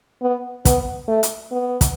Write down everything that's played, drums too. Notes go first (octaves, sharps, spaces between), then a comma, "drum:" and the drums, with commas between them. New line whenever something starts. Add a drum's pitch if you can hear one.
B3
B3, drum: kick, hi-hat
A3
drum: hi-hat
B3
drum: kick, hi-hat